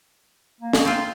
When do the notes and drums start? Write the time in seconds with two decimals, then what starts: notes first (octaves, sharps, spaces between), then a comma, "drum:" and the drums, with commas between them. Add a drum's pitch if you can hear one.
0.61 A#3
0.73 drum: snare
0.85 C4 F4